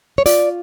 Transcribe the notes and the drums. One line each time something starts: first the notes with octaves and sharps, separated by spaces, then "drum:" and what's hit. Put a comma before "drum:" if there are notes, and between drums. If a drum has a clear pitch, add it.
C#5
F4 D5, drum: hi-hat